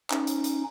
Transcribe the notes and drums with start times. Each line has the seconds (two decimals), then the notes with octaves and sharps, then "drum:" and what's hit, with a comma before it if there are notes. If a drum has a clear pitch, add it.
0.10 C#4 D#4, drum: clap
0.27 drum: hi-hat
0.44 drum: hi-hat